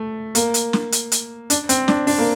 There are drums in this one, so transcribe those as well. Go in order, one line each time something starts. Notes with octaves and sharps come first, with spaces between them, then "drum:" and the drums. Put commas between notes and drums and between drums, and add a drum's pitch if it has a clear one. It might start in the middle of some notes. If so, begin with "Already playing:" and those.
Already playing: A3
A#3, drum: hi-hat
drum: hi-hat
drum: snare
drum: hi-hat
drum: hi-hat
D4, drum: hi-hat
C4, drum: hi-hat
D4, drum: snare
D4, drum: open hi-hat
A#3